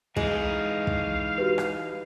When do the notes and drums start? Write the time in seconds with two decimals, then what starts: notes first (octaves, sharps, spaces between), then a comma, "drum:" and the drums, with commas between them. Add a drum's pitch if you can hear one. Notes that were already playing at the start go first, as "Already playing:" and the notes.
0.17 E3 G#3 D#4 F5, drum: kick
0.87 drum: kick
1.38 F#4 G4 B4
1.58 drum: rim click